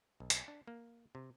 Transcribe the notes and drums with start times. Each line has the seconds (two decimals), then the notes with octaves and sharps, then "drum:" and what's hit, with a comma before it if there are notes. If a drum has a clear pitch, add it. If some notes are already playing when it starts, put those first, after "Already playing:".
0.20 B1
0.30 drum: hi-hat
0.48 D4
0.68 A#3
1.15 C3